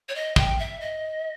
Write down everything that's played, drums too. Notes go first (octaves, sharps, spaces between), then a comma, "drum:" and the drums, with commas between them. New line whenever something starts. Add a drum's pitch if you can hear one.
C#5
D#5
G5, drum: kick
E5
D#5